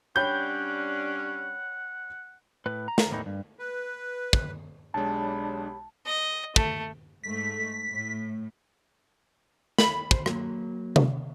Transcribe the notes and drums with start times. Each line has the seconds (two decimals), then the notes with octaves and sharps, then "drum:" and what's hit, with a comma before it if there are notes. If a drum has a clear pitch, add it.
0.16 G3 C#4 D4 C#5 F#5 G5 B5 G6
2.66 A2 B4
2.88 A#5
2.98 drum: snare
3.10 E2 A2 E3 D#4
3.26 G2
3.59 B4
4.33 drum: kick
4.94 B1 G#3 D4 G4 C#5 A5 B5
6.06 D#5
6.56 A3, drum: kick
7.24 G#2 A3 B6
7.90 A2
9.78 B5, drum: snare
10.11 C5, drum: kick
10.26 F#3 A#3, drum: rim click
10.96 drum: tom C3